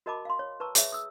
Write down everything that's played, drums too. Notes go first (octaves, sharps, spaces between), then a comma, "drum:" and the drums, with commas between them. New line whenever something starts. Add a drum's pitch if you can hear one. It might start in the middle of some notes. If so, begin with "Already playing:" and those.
F#4 A#4 D#5 A5 B5 D6
F5 C6
C#5
B4 A5 A#5 C#6 E6
G#4 C#5 E5, drum: hi-hat
D#6 E6